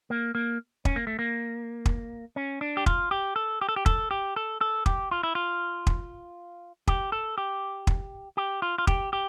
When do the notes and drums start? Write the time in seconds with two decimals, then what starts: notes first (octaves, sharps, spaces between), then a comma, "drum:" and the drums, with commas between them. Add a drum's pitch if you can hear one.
0.10 A#3
0.35 A#3
0.85 C#4, drum: kick
0.96 A#3
1.07 A3
1.19 A#3
1.86 drum: kick
2.36 C#4
2.61 D4
2.77 G4
2.86 F4, drum: kick
3.11 G4
3.36 A4
3.61 G4
3.69 A4
3.76 G4
3.86 A4, drum: kick
4.11 G4
4.36 A4
4.61 A4
4.86 G4, drum: kick
5.11 F4
5.23 E4
5.35 F4
5.87 drum: kick
6.87 G4, drum: kick
7.12 A4
7.38 G4
7.87 drum: kick
8.37 G4
8.62 F4
8.78 F4
8.87 G4, drum: kick
9.13 G4